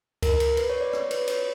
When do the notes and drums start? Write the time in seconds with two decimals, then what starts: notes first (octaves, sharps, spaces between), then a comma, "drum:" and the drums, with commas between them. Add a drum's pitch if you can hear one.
0.22 A#4, drum: kick C#2, cymbal
0.40 drum: cymbal
0.57 B4, drum: cymbal
0.70 C#5
0.81 D5
0.93 C#5, drum: rim click
1.11 B4, drum: cymbal
1.28 C#5, drum: cymbal